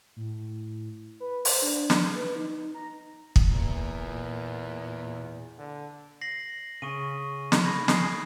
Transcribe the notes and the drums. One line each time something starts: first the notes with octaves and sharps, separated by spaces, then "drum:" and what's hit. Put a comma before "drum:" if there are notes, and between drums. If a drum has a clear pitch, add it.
A2
B4
C5, drum: open hi-hat
D4
drum: snare
B4
D#4
A#5
drum: kick
E2 A#2
D3
A#6 C7 F#7
C#3 C#6 D#7
drum: snare
B5 G#6 A#6
G#5 D#6 C7, drum: snare